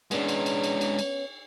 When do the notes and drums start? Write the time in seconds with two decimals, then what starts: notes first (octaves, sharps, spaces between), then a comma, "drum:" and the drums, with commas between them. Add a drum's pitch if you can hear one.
0.11 G#3 B3 C#4 D4, drum: cymbal
0.29 drum: cymbal
0.46 drum: cymbal
0.64 drum: cymbal
0.81 drum: cymbal
0.99 drum: cymbal